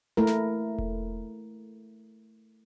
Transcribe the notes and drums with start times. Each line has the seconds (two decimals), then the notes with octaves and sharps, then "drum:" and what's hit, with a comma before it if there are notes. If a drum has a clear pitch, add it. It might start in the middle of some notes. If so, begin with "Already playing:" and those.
0.17 A3 E4 A#4
0.27 drum: snare
0.78 drum: kick E1